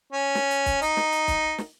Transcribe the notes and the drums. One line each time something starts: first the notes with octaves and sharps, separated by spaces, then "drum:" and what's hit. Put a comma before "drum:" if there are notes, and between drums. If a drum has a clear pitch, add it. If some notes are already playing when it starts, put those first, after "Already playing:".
C#4
drum: snare
drum: hi-hat
drum: kick, hi-hat
D#4, drum: hi-hat
drum: snare
drum: hi-hat
drum: kick, hi-hat
drum: snare